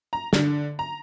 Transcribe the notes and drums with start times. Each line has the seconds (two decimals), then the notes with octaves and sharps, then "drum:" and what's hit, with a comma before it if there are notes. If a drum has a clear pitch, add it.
0.13 A#5
0.33 D3, drum: snare
0.79 A#5